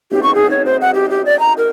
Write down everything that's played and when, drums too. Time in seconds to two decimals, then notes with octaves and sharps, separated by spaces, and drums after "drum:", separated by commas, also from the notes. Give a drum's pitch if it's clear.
0.11 G4, drum: cymbal
0.23 C#6
0.35 G#4
0.51 C#5
0.65 C5
0.81 F#5
0.94 G4
1.10 G4
1.25 D5
1.39 A#5
1.58 A#4